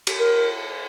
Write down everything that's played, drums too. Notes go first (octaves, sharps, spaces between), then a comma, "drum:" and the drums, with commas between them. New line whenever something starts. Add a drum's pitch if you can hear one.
drum: cymbal
A#4